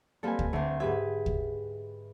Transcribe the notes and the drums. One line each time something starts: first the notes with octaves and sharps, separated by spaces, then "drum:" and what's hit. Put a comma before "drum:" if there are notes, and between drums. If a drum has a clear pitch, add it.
G3 A#3 C4 A4 B4 G#5
drum: kick
D2 A3 C4
G#2 G4 B4 E5 G#6
drum: kick